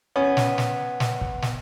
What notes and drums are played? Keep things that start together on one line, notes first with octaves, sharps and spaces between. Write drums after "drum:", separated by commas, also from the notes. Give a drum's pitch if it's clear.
B3 C#4
drum: snare
drum: snare
drum: snare
drum: kick
drum: snare